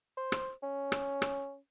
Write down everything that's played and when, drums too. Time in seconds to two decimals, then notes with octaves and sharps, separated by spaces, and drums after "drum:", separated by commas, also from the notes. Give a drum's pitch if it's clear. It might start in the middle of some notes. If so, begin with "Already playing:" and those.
0.17 C5
0.32 drum: rim click
0.63 C#4
0.92 drum: rim click
1.22 drum: rim click